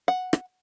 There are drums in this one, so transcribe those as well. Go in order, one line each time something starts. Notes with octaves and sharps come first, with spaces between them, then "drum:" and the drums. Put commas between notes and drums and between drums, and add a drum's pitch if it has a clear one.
F#5
drum: rim click